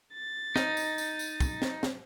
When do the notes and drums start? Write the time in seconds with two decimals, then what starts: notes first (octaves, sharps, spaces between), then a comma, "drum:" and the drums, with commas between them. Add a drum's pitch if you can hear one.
0.14 A6
0.56 D#4, drum: snare
0.77 drum: tambourine
0.98 drum: tambourine
1.19 drum: tambourine
1.40 drum: kick, tambourine
1.62 drum: snare
1.83 drum: snare